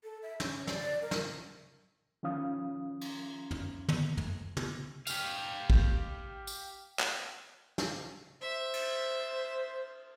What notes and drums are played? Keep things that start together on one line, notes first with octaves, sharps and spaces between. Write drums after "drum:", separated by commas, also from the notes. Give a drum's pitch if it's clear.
A4
E5
C#4, drum: snare
D5, drum: snare
A#4
drum: snare
D#3 F3 C#4 F5 D#6
drum: cymbal
drum: tom
drum: tom
drum: tom
drum: tom
G4 F5, drum: tambourine
drum: kick
drum: tambourine
drum: clap
drum: snare
C5 E5
drum: cymbal